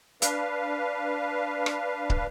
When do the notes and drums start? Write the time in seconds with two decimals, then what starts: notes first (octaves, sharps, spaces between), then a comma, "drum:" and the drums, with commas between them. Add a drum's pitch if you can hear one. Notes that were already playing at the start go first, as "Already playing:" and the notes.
0.22 D4 B4 F5, drum: hi-hat
1.66 drum: rim click
2.10 drum: kick